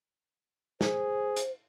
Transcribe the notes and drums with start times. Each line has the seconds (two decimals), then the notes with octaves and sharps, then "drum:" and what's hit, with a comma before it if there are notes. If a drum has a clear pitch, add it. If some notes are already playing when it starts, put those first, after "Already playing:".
0.81 G#4 C5, drum: snare
1.36 drum: hi-hat